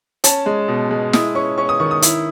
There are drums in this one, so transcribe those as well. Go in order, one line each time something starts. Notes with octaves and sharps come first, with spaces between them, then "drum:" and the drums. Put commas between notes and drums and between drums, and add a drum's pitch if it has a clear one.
C#4 A5, drum: hi-hat
G#3
B2
G#3
E4 D#6, drum: snare
C#4 C#6
C#4 C#6
D#6
D#3 C#6
D#6
E4, drum: hi-hat